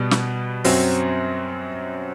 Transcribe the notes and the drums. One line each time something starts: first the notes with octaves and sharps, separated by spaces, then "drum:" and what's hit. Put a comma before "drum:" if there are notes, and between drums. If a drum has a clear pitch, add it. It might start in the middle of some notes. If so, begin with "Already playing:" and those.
Already playing: B2 G3 B3
drum: snare
F#2 F#3 C4, drum: open hi-hat